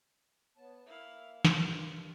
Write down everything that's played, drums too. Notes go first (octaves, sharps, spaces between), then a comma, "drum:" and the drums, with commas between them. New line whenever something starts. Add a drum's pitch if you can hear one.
B3 C#5 A5
A#3 E4 E5 F5
G2 F4 A#4, drum: snare